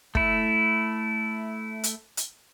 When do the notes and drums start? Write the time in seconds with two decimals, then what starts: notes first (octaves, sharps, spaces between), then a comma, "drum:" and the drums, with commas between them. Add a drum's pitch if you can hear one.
0.15 A3 E4, drum: kick
1.84 drum: hi-hat
2.17 drum: hi-hat